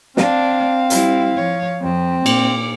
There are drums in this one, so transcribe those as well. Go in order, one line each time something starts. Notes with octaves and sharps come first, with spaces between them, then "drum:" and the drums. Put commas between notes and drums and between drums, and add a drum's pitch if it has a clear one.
C4 D4 F5, drum: snare
G3 E4, drum: hi-hat
F3 C#5
F2 C4
A#2 D6, drum: cymbal